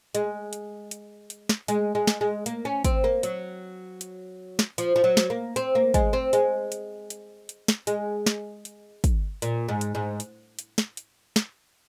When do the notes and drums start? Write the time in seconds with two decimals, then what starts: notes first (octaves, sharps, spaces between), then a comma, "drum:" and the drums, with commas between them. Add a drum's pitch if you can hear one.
0.15 G#3, drum: hi-hat
0.53 drum: hi-hat
0.91 drum: hi-hat
1.30 drum: hi-hat
1.49 drum: snare
1.68 G#3, drum: hi-hat
1.95 G#3
2.07 drum: snare
2.21 G#3
2.46 A#3, drum: hi-hat
2.65 C#4
2.85 C4, drum: kick, hi-hat
3.04 A#3
3.23 F#3, drum: hi-hat
4.01 drum: hi-hat
4.59 drum: snare
4.78 F3, drum: hi-hat
4.96 F3
5.04 F#3
5.17 drum: snare
5.30 A#3
5.56 C4, drum: hi-hat
5.75 A#3
5.94 G#3, drum: kick, hi-hat
6.13 C4
6.33 G#3, drum: hi-hat
6.72 drum: hi-hat
7.10 drum: hi-hat
7.49 drum: hi-hat
7.68 drum: snare
7.87 G#3, drum: hi-hat
8.26 drum: snare
8.65 drum: hi-hat
9.04 drum: kick, hi-hat
9.42 A#2, drum: hi-hat
9.69 G#2
9.81 drum: hi-hat
9.95 G#2
10.20 drum: hi-hat
10.59 drum: hi-hat
10.78 drum: snare
10.97 drum: hi-hat
11.36 drum: snare